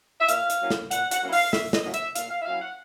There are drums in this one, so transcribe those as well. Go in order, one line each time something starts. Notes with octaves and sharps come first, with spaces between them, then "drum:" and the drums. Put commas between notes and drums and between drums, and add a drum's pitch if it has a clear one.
E5
A#2 F5, drum: hi-hat
drum: hi-hat
F#3 A#3 C#4 E4
drum: snare
A#2 F#5, drum: hi-hat
F#5, drum: hi-hat
F#3 A#3 C#4 E4
F5, drum: open hi-hat
A#2 E5, drum: snare
D#5, drum: snare
F#3 A#3 C#4 E4
E5, drum: hi-hat
A#2 F5, drum: hi-hat
F5
E5
F#3 A#3 C#4 E4 F5
F#5